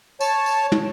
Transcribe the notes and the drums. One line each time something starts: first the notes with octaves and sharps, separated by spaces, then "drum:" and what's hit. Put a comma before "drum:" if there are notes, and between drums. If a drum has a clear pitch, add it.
C#5 A5, drum: tambourine
drum: tambourine
drum: tom